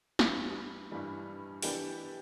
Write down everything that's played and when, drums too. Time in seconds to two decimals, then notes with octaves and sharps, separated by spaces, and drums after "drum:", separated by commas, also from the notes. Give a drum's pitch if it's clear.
0.19 G2 E3 G3, drum: snare
0.91 G2 E3 G3
1.62 E3 B3 D4 G4, drum: open hi-hat